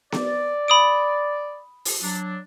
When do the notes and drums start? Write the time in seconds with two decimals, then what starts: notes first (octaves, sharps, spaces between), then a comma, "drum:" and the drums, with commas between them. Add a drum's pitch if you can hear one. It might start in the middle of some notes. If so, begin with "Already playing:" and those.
0.12 D5, drum: snare B3
0.68 B5 D#6 D7
1.85 drum: open hi-hat
2.02 F#3 D4